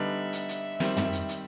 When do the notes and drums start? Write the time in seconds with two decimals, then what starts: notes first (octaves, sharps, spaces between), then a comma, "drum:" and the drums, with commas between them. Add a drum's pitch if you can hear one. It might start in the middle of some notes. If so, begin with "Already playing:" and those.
Already playing: D3 G3 B3 D#4 E5
0.33 drum: hi-hat
0.49 drum: hi-hat
0.80 D#3 G3 C4, drum: snare
0.97 drum: tom
1.13 drum: hi-hat
1.29 drum: hi-hat